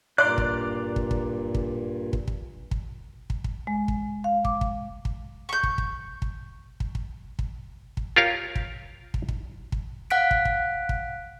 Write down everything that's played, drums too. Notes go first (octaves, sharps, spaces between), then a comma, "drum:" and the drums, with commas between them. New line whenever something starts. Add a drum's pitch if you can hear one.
G2 A#2 D5 A#5 C6 F#6 D7
drum: kick
drum: kick
drum: kick
drum: kick
drum: kick
drum: kick
drum: kick
drum: kick
drum: kick
G#3
drum: kick
F5
D6, drum: kick
drum: kick
drum: kick
C#6 G6
drum: kick
drum: kick
drum: kick
drum: kick
drum: kick
drum: kick
drum: kick
F4 G4 A#4 C#5 F5
drum: kick
drum: kick
drum: kick
drum: kick
F5 F#5 F#6 B6 D7
drum: kick
drum: kick
drum: kick